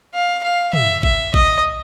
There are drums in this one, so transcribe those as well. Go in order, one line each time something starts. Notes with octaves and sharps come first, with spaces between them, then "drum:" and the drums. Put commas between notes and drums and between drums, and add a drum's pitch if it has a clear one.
F5
F5
E5, drum: tom
E5, drum: kick
D#5, drum: kick